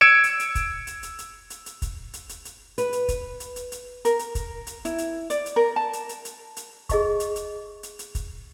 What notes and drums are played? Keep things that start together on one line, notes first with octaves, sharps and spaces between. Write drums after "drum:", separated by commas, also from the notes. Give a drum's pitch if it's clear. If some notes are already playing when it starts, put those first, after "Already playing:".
E6 G#6 C#7 D7 E7
drum: hi-hat
drum: hi-hat
drum: kick, hi-hat
drum: hi-hat
drum: hi-hat
drum: hi-hat
drum: hi-hat
drum: hi-hat
drum: kick, hi-hat
drum: hi-hat
drum: hi-hat
drum: hi-hat
B4, drum: hi-hat
drum: hi-hat
drum: kick, hi-hat
drum: hi-hat
drum: hi-hat
drum: hi-hat
A#4, drum: hi-hat
drum: hi-hat
drum: kick, hi-hat
drum: hi-hat
E4, drum: hi-hat
drum: hi-hat
D5, drum: hi-hat
drum: hi-hat
A#4
A5
drum: hi-hat
drum: hi-hat
drum: hi-hat
drum: hi-hat
G#4 D#5 C#6, drum: kick, hi-hat
drum: hi-hat
drum: hi-hat
drum: hi-hat
drum: hi-hat
drum: kick, hi-hat